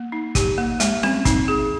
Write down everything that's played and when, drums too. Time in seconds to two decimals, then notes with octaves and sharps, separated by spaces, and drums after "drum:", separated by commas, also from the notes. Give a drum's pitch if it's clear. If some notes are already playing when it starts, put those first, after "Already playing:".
Already playing: A#3
0.12 D#4
0.35 G4, drum: kick, hi-hat
0.58 A#3
0.80 G#3, drum: hi-hat
1.03 C4, drum: snare C#4
1.25 D#4, drum: kick, hi-hat
1.48 G#4